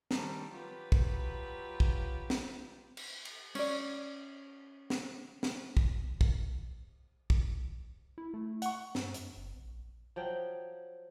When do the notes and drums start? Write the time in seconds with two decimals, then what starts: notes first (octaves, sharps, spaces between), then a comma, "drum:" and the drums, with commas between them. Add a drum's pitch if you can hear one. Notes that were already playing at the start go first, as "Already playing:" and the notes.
0.11 D#3 G3 A4, drum: snare
0.51 F#3 F4 G4 B4
0.92 drum: kick
1.80 drum: kick
2.30 drum: snare
2.97 drum: cymbal
3.25 drum: cymbal
3.55 C#4 D5, drum: cymbal
4.90 drum: snare
5.43 drum: snare
5.77 drum: kick
6.21 drum: kick
7.30 drum: kick
8.18 E4
8.34 A3
8.62 F#5 C#6, drum: hi-hat
8.95 G2, drum: snare
9.14 F#2, drum: hi-hat
9.37 F#1
9.56 A#1
10.16 F3 F#3 G5